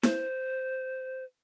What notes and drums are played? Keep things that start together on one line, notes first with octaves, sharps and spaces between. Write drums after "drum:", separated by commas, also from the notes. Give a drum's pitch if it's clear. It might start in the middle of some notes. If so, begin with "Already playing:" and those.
C5, drum: snare E4